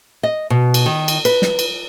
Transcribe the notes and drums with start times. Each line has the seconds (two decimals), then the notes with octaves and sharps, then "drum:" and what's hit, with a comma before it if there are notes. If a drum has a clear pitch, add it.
0.23 D#5
0.50 B2
0.74 drum: cymbal
0.86 D#3
1.08 drum: cymbal
1.25 B4, drum: cymbal
1.42 drum: snare
1.59 drum: cymbal